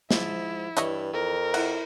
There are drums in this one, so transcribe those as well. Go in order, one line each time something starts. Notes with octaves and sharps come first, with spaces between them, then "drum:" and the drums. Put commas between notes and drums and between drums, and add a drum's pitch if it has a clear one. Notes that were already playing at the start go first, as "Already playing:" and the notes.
G#2 F3 E4 C5, drum: snare
G2 E3 C#5 D#5 E5, drum: hi-hat
F2 A#4
E4 F#5, drum: cymbal